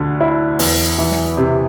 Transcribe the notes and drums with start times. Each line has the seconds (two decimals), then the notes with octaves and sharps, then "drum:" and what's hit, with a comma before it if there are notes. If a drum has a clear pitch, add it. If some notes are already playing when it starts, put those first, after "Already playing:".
Already playing: D2 D3
0.21 E4
0.59 E2, drum: open hi-hat
0.98 E3
1.11 drum: snare
1.37 C3